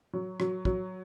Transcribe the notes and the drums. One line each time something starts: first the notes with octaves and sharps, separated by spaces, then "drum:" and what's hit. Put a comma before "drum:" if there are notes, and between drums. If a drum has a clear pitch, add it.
F#3
F#3, drum: rim click
F#3, drum: kick